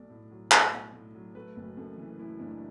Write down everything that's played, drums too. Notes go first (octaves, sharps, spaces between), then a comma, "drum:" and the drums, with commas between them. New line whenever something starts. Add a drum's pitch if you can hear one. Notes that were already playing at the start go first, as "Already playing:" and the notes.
Already playing: B1 A3 D5
A2
F#3
A3, drum: clap
B1
A2
F#3
A3 B4
F#1
F#2 A4
E3
A3 E4
F#1 D4